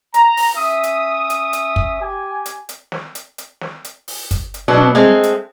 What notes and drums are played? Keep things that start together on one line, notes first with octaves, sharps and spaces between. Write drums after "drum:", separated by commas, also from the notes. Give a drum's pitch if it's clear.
A#5, drum: hi-hat
drum: open hi-hat
C#4 E5 D#6
drum: hi-hat
drum: hi-hat
drum: hi-hat
drum: kick
G4 G#5
drum: hi-hat
drum: hi-hat
drum: snare
drum: hi-hat
drum: hi-hat
drum: snare
drum: hi-hat
drum: open hi-hat
drum: kick, hi-hat
drum: hi-hat
B2 F#3 D4
drum: tom
G#3 A3 C4
drum: hi-hat